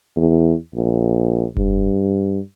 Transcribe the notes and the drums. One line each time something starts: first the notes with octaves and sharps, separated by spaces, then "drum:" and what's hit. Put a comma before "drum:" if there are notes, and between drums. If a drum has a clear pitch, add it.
E2
A#1
G2, drum: kick F1